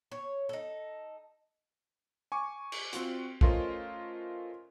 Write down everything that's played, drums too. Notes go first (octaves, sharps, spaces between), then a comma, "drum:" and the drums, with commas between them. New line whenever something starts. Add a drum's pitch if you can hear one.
C#5
D#4 A4
G#5 C#6 D6
drum: cymbal
C4 F4 F#4, drum: hi-hat
A3 C#4 F4 A#4 C5 D#5, drum: kick A#1